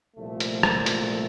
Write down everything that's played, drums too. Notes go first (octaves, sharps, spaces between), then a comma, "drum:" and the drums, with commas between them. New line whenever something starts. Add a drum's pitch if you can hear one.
C2 A#2 F3 A3
drum: hi-hat
drum: rim click
drum: hi-hat